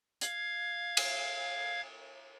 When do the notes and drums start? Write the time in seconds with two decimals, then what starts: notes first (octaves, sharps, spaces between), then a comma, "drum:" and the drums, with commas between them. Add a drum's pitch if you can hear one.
0.21 F5 G#6, drum: hi-hat
0.97 drum: cymbal